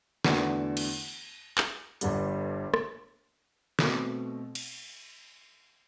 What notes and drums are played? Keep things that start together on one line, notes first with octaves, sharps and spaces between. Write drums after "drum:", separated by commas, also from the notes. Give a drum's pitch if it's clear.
E2 D3 A3 D4 F#4, drum: snare
drum: cymbal
drum: clap
G1 G2 D3 G3, drum: hi-hat
drum: rim click
B2 A3 C4, drum: snare
drum: cymbal